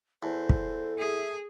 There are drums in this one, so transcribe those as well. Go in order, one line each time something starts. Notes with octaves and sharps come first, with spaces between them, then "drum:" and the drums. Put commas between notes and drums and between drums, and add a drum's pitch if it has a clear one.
E2 A4 C5
drum: kick
G#4 E5